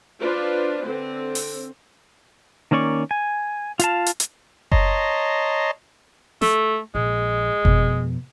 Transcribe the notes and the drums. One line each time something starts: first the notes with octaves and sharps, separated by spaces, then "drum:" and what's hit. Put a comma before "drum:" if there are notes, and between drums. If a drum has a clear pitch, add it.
D4 F4 B4 C5
D3 C4
drum: open hi-hat
D#3 A#3 C#4 D5 C#6
G#5
F4 F5 A5, drum: hi-hat
drum: hi-hat
drum: hi-hat
C#5 D#5 A5 A#5 C6, drum: kick F#1
A3, drum: snare
A#1 G#3
F2 B2, drum: kick F#1